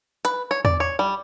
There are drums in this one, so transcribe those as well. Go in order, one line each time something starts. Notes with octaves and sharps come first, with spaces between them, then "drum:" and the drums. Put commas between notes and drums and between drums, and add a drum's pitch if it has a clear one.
B4, drum: hi-hat
C#5
D5, drum: tom E2
C#5
G3